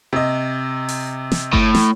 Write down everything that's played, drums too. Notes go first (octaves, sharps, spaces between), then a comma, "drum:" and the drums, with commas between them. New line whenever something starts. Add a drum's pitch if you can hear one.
C3 D#5
drum: open hi-hat
drum: snare
A2, drum: kick G1
drum: snare